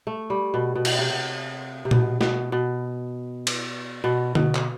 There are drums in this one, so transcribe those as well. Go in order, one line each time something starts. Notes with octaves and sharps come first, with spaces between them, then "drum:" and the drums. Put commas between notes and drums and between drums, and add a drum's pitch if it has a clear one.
A3
G3
B2
B2
drum: cymbal
C3
C3
B2, drum: tom A#2
B2, drum: snare
B2
drum: cymbal
B2
B2, drum: tom D3
drum: clap